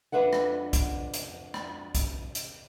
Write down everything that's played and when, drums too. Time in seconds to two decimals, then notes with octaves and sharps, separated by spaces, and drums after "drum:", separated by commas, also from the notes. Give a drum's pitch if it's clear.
0.12 F2 G#2 D4 B4 E5 F#5
0.33 drum: rim click
0.73 drum: kick B1, hi-hat
1.14 drum: hi-hat
1.54 drum: rim click
1.95 drum: kick B1, hi-hat
2.35 drum: hi-hat